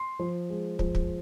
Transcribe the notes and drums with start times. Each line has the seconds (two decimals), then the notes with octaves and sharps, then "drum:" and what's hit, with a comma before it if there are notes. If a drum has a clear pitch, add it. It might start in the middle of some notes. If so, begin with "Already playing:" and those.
Already playing: C6
0.19 F3
0.50 G#3
0.79 F3, drum: kick
0.95 drum: kick